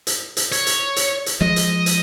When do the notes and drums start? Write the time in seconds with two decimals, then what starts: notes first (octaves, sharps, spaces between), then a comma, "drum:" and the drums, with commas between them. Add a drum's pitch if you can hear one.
0.07 drum: hi-hat
0.37 drum: hi-hat
0.52 C#5, drum: hi-hat
0.66 drum: hi-hat
0.96 drum: hi-hat
1.26 drum: hi-hat
1.41 F3 G#3 D#5
1.56 drum: hi-hat
1.86 drum: hi-hat